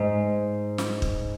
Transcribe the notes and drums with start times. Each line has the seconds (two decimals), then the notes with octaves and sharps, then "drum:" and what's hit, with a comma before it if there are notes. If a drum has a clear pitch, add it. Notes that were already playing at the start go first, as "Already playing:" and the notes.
Already playing: G#2
0.78 drum: snare
1.02 drum: kick